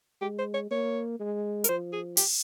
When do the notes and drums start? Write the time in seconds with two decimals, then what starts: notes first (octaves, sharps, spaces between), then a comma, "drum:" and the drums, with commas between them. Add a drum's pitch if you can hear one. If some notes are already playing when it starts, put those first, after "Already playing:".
0.21 G#3 G4
0.39 C5
0.54 C#5
0.71 A#3 C#5
1.20 G#3
1.64 A#4, drum: hi-hat
1.69 F3 C5
1.93 G#4
2.17 G4, drum: open hi-hat